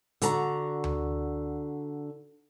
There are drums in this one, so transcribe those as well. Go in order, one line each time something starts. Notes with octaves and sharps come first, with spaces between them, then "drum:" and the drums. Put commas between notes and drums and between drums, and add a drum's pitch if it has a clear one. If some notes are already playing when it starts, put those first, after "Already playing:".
D3 F#4 A#5, drum: hi-hat
drum: tom D2